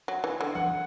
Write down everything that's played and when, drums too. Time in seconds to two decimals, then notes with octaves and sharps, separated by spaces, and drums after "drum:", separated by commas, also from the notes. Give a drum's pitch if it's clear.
0.08 F#3
0.24 E3
0.41 D3
0.55 F#5, drum: tom E3